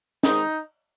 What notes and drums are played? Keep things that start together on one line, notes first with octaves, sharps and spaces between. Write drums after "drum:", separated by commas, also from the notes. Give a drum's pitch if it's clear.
D#3 G#3 C4 D#4, drum: snare